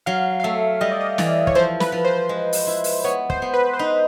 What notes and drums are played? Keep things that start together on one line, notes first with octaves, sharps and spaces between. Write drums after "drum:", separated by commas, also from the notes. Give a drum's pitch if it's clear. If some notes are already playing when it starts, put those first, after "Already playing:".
F#3 F5
F5
A3 E5
G3 D#5
D5
D#5
E3 D5, drum: snare
C#5, drum: kick
F3 C5
B4, drum: snare
F3
C5
G#3
drum: open hi-hat
E4
drum: open hi-hat
B3 C#5
C5, drum: kick
B3
B4
C5
D#4 B4